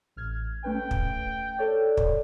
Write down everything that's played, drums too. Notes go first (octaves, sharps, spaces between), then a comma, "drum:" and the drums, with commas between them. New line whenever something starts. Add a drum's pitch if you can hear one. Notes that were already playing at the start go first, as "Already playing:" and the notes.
A1 F6 G#6
A3 C#4 B4 G5
drum: kick
A4 C#5 D5
drum: kick